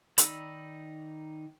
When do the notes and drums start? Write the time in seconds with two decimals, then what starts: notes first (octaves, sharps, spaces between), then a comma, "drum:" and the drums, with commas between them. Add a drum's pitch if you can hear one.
0.18 D#3 D#4 D5 B5 E6, drum: hi-hat